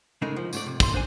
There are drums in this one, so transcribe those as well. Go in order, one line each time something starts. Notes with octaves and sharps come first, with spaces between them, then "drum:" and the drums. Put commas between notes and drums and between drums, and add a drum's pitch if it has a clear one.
C#3 G#3 A3 D#4 A#4
F3
G#2 A3 D5, drum: tambourine
C3
A#2 C6, drum: kick, tambourine
D4 C5 G#5